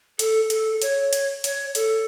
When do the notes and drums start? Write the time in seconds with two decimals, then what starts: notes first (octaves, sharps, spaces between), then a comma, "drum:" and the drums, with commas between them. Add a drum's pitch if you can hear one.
0.19 A4, drum: hi-hat
0.50 A4, drum: hi-hat
0.82 C#5, drum: hi-hat
1.13 drum: hi-hat
1.44 C#5, drum: hi-hat
1.75 A4, drum: hi-hat